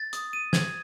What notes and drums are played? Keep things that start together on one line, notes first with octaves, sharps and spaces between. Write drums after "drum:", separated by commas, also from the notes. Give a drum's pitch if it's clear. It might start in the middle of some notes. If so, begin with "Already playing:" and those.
Already playing: A6
D#6, drum: hi-hat
D#7
G#6, drum: snare